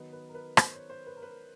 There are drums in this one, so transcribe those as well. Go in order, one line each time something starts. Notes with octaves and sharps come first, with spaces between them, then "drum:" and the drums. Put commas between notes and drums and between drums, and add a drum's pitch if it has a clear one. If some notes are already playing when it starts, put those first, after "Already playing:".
Already playing: D#3 F#3 B3 D#4 B4
B4
A#4
B4
C5, drum: rim click
C#5
C5
B4
A#4
B4